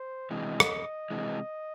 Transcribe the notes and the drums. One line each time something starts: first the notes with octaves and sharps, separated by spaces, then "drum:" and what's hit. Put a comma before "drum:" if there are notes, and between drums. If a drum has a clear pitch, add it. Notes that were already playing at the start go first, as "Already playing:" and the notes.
Already playing: C5
C3 E3 G#3 D#5
drum: rim click
C3 E3 G#3